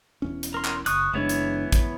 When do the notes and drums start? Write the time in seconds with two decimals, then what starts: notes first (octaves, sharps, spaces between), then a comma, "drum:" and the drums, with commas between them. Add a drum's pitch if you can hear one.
0.22 E1 E2 C#4
0.43 drum: hi-hat
0.54 A#4 C6
0.65 drum: clap
0.86 F#1 C#6 D#6 F#6, drum: hi-hat
1.14 F#1 E3 G#3 B3 D4 C#5
1.29 drum: hi-hat
1.72 drum: kick, hi-hat